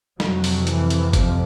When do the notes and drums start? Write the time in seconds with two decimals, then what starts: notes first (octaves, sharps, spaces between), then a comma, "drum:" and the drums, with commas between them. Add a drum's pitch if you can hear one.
0.20 F2 C3 F#3, drum: snare
0.44 drum: open hi-hat
0.67 E3, drum: hi-hat
0.90 drum: hi-hat
1.13 F3, drum: kick F#1, hi-hat